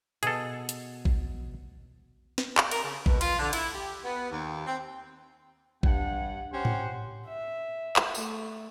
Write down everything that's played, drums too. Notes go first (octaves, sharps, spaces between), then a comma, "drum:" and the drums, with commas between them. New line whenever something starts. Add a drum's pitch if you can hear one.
B2 G#4 A4 F#5 D#6, drum: hi-hat
drum: hi-hat
drum: kick A1
drum: snare
drum: clap
A#4, drum: cymbal
C#3
B2, drum: kick A1
F4, drum: cymbal
D3
E4, drum: cymbal
G4
B3
D#2
C4
G2 F#5, drum: kick A1
C#4 G4 C5 F#5
drum: tom G#2
E5
drum: clap
A3, drum: tambourine